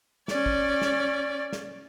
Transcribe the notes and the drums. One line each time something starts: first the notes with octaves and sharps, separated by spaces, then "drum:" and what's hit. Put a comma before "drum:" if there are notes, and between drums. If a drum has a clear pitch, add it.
C#4 D5, drum: snare
drum: kick
drum: snare
drum: snare